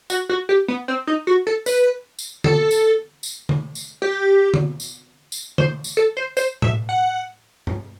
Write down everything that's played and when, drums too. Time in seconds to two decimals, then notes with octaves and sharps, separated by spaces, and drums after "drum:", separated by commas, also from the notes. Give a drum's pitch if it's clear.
0.10 F#4, drum: tambourine
0.29 F#4
0.49 G4
0.68 B3
0.88 C4
1.07 D#4
1.27 F#4
1.47 A4
1.66 B4, drum: tambourine
2.19 drum: tambourine
2.44 A4, drum: tom D3
2.71 drum: tambourine
3.23 drum: tambourine
3.49 drum: tom D3
3.75 drum: tambourine
4.02 G4
4.54 drum: tom D3
4.80 drum: tambourine
5.32 drum: tambourine
5.58 C5, drum: tom D3
5.84 drum: tambourine
5.97 A4
6.17 C5
6.37 C5, drum: tambourine
6.62 E5, drum: tom A2
6.89 F#5
7.67 drum: tom G2